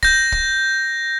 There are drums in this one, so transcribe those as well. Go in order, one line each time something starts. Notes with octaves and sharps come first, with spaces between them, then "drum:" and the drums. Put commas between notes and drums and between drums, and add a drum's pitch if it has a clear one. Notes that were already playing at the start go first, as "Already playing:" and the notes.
G6 A#6, drum: kick
drum: kick